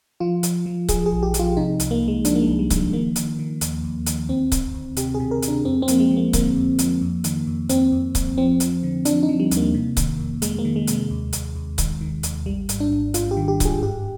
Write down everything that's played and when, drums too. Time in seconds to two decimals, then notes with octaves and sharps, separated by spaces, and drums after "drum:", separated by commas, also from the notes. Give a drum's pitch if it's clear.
0.20 F3 F4
0.43 F3, drum: hi-hat
0.66 F3
0.89 F3 G#4, drum: kick C#1, hi-hat
1.06 G#4
1.12 A#1
1.23 G4
1.34 F3, drum: hi-hat
1.39 F4
1.57 C3 D#4
1.80 C2, drum: hi-hat
1.91 A#3
2.02 C2
2.08 G#3
2.25 F3 D4, drum: hi-hat
2.36 A#3
2.42 G#3
2.47 C2
2.59 G3
2.70 F3, drum: kick C#1, hi-hat
2.76 G#3
2.93 D#3 A#3
3.16 D#3, drum: hi-hat
3.39 D#3
3.61 D#2, drum: hi-hat
3.84 D#2
4.06 D#3, drum: hi-hat
4.29 D2 C4
4.52 D2, drum: kick C#1, hi-hat
4.74 D2
4.97 C3 G4, drum: hi-hat
5.14 G#4
5.20 C3
5.31 A#4
5.42 C3, drum: hi-hat
5.48 D4
5.65 F2 C4
5.82 C4
5.88 F3 A#3, drum: hi-hat
6.00 G#3
6.11 F3
6.17 A#3
6.33 D3 A#3, drum: kick C#1, hi-hat
6.56 F2
6.79 F3, drum: hi-hat
7.01 F2
7.24 D#3, drum: hi-hat
7.47 F2
7.69 F2 C4, drum: hi-hat
7.92 F2
8.15 F2, drum: kick C#1, hi-hat
8.38 F3 C4
8.60 F3, drum: hi-hat
8.83 D3
9.05 F3 D4, drum: hi-hat
9.23 D#4
9.29 F3
9.40 G3
9.51 D#2, drum: hi-hat
9.57 A#3
9.74 C3
9.97 D#3, drum: kick C#1, hi-hat
10.19 F2
10.42 F2 G#3, drum: hi-hat
10.59 A#3
10.65 D#3
10.76 G#3
10.87 C3, drum: hi-hat
10.93 G#3
11.11 D#2
11.33 D#2, drum: hi-hat
11.56 D#2
11.78 D#3, drum: kick C#1, hi-hat
12.01 D#3
12.23 D#2, drum: hi-hat
12.46 G#1 G3
12.69 G#2, drum: hi-hat
12.80 D4
12.92 G#1
13.14 G#2 F4, drum: hi-hat
13.31 G4
13.37 D#3
13.48 G4
13.60 G#2 G#4, drum: kick C#1, hi-hat
13.82 G2 G4